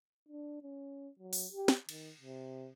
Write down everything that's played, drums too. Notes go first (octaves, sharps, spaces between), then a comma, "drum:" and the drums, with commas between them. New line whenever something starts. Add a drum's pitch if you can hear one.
D4
C#4
F#3
drum: open hi-hat
G4
drum: snare
D#3, drum: cymbal
C3